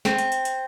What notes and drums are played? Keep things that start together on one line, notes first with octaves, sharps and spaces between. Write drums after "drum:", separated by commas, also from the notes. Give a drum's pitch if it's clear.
C4, drum: snare
drum: hi-hat
drum: hi-hat
drum: hi-hat